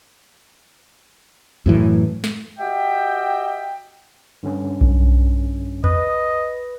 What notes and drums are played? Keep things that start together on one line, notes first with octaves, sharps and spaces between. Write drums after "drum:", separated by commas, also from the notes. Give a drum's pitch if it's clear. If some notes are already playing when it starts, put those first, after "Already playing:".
F#2 A2 E3
drum: snare
F#4 G4 D#5 E5 G5
G2 D3 C#4
drum: kick B1
B4 D#5, drum: tom E2